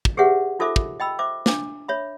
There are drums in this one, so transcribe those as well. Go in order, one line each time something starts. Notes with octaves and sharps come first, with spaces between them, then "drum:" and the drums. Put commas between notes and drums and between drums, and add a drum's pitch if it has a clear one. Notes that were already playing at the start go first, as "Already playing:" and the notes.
drum: kick
G4 G#4 B4 C#5 E5 F#5
D#4 F4 A4 C5 E5 D6
drum: kick
D#5 G5 B5 E6
C5 E5 D6
D4 D6, drum: snare
C#5 E5 B5